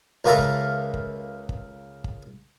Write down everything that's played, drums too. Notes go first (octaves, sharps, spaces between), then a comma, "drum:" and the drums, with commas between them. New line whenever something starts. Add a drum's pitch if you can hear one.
C#2 A#3 F4 A4 A#4 E5
drum: kick
drum: kick
drum: kick
drum: kick